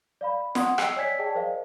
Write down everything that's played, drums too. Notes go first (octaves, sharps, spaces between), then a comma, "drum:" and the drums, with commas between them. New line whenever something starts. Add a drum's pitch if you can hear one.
D5 F5 B5
F#5 C6 D#6 G#6, drum: snare
D#5 G5 E6 C7 D7, drum: rim click
C#5 D5 G#5 G#6 B6
G#4 D5 D#5 G5 A5
A#4 C5 D5 D#5 F5